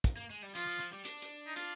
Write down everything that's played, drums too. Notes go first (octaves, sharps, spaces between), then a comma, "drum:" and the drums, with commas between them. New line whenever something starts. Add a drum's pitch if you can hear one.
drum: kick, hi-hat
A#3
G#3
G3
F3 F4, drum: hi-hat
F3
F3
G3
D4, drum: hi-hat
drum: hi-hat
D#4
F4, drum: hi-hat